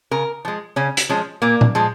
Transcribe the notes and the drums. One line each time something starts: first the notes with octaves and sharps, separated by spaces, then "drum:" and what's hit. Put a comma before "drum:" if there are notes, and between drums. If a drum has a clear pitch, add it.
C#3 A#4
F3 G#3
C#3 C#4
drum: hi-hat
F3 G#3 C#4
A#2 A#3
drum: tom A#2
F3 G#3